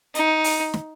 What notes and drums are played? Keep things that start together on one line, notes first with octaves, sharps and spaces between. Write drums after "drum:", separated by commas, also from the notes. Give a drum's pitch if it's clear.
D#4, drum: hi-hat
drum: open hi-hat
drum: snare